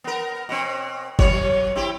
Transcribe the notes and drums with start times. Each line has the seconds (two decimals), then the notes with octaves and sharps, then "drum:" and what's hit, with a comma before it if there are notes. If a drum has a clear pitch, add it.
0.04 B3 A#4
0.49 B2 C4
1.19 F#3 B3 C#5, drum: kick G1
1.75 C4 E4 G4